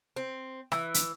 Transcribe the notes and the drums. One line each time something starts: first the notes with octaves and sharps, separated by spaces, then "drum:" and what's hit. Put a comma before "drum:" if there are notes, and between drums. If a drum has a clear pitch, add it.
C4
E3, drum: rim click
drum: hi-hat